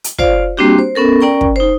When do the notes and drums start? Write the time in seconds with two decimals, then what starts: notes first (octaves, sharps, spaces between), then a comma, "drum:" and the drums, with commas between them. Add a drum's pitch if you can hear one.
0.04 drum: hi-hat
0.19 F4 C5 D5 F5, drum: kick
0.57 G3 A#3 C4 D4 F#4 G4
0.78 C5
0.95 B3 C#4 A4 A#4
1.21 C#4 A#4 D5 G5 A#5 C#6
1.41 drum: kick
1.56 D#4 C5